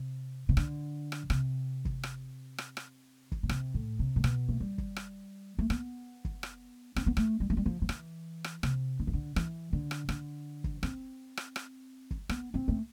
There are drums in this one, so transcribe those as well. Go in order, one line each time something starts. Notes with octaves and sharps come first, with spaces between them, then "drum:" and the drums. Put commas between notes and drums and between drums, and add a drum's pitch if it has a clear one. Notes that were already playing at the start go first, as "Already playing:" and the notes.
Already playing: C3
C3
D3, drum: rim click
drum: rim click
C3, drum: rim click
drum: kick
drum: rim click
drum: rim click
drum: rim click
drum: kick
B2
C3, drum: rim click
A2
C3
A2
B2, drum: rim click
A3
G3
drum: kick
drum: rim click
A3
B3, drum: rim click
drum: kick
drum: rim click
C4, drum: rim click
B3
A3, drum: rim click
G3
A3
G3
F3
F3
E3, drum: rim click
drum: rim click
C3, drum: rim click
D3
E3
D3
E3, drum: rim click
D3
drum: rim click
D3, drum: rim click
drum: kick
C4, drum: rim click
drum: rim click
drum: rim click
drum: kick
B3, drum: rim click
C4
A3